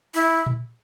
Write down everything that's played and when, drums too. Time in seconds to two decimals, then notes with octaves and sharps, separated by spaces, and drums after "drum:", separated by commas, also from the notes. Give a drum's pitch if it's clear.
0.14 E4
0.46 drum: tom